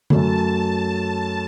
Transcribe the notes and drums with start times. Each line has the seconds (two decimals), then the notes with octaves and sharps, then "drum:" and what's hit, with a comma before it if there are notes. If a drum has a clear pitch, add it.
0.10 F#2 F#3 A3 A5, drum: tom D3